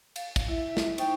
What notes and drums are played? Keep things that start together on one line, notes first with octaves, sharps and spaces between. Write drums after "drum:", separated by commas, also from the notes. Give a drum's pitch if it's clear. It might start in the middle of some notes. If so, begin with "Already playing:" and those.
F5, drum: cymbal
drum: kick, cymbal
E4 E5
drum: snare
D#4 C5 G5 C#6, drum: cymbal